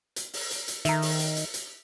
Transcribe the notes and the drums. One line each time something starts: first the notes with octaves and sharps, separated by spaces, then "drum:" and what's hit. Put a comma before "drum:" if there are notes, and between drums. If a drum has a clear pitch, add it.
drum: hi-hat
drum: open hi-hat
drum: hi-hat
drum: hi-hat
D#3 E5 A#5, drum: hi-hat
drum: open hi-hat
drum: hi-hat
drum: hi-hat
drum: hi-hat